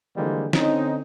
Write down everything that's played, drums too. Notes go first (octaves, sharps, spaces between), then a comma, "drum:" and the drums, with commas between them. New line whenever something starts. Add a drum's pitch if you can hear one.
D3 E3 F3 G3 G#3 A#3
D3 C4 C#4 D#4, drum: snare